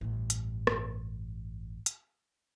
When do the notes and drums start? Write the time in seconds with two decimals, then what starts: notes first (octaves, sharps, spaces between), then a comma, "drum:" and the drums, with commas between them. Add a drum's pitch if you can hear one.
0.01 A1 G2
0.30 drum: hi-hat
0.67 drum: rim click
1.86 drum: hi-hat